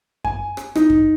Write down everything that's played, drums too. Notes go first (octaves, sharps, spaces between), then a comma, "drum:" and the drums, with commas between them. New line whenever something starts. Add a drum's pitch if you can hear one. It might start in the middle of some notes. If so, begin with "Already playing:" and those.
G#5, drum: kick F#2
drum: rim click
D#4, drum: rim click
drum: kick F#2